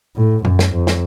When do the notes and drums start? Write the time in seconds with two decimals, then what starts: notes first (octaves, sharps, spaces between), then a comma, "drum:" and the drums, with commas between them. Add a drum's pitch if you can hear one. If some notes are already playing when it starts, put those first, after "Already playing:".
0.17 A2
0.45 F#2, drum: tom
0.59 drum: snare
0.73 F2
0.87 drum: snare